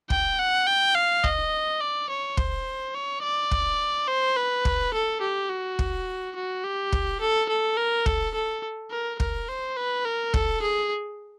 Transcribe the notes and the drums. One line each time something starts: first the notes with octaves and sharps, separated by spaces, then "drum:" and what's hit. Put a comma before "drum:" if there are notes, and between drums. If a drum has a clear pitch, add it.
G5, drum: kick
F#5
G5
F5
D#5, drum: kick
D5
C#5
C5, drum: kick
C#5
D5
drum: kick
C5
B4
drum: kick
A4
G4
F#4
drum: kick
F#4
G4
drum: kick
A4
A4
A#4
A4, drum: kick
A4
A#4
A#4, drum: kick
C5
B4
A#4
A4, drum: kick
G#4